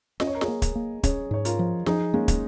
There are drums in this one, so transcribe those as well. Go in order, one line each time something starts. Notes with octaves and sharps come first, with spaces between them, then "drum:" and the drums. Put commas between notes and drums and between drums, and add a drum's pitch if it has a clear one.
C#4 D#5, drum: snare
C#5
A#4
G#4 C#5, drum: snare
A#3
drum: kick, hi-hat
A#3
C#4 G#4 C#5, drum: kick, hi-hat
G#2 C#5
F4 A#4, drum: hi-hat
F3
F3 D#4 G#4, drum: snare
G#3 A#3 C#4
drum: kick, hi-hat